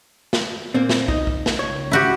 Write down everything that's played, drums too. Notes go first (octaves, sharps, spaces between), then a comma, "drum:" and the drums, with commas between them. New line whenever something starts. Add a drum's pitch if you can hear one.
drum: snare
A#2 A#3 C4
drum: snare
D#4 D#5, drum: kick
drum: kick
drum: snare
C#2 C#5
E4 F#4 G4